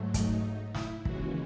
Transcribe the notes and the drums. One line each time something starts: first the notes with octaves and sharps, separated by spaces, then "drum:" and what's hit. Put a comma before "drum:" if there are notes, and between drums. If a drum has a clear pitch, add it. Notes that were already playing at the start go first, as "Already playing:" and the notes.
Already playing: G#2 F#3 A3
D#4, drum: kick, hi-hat
E4, drum: snare
D#2 C#3 E3 G#3 F#4, drum: kick